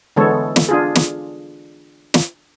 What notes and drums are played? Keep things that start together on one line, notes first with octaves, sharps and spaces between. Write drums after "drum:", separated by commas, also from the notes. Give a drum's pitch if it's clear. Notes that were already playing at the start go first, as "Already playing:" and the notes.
D3 E3 G#3 B3 A4 C#5
drum: snare
D4 F4 G#4
drum: snare
drum: snare